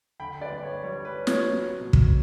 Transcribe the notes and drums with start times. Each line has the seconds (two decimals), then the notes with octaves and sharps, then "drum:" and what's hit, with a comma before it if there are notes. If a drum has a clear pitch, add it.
0.20 D3 G5 B5
0.41 B4 D5
0.52 G2
0.63 C#5
0.83 G3 C#5
1.05 B4
1.16 C#4
1.27 C#5, drum: snare
1.47 F#3
1.80 B2
1.93 drum: kick